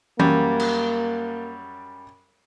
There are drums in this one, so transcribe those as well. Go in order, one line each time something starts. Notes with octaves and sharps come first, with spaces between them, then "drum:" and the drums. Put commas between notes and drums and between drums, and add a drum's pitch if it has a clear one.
F#2 G3 A#3, drum: tom E3
drum: cymbal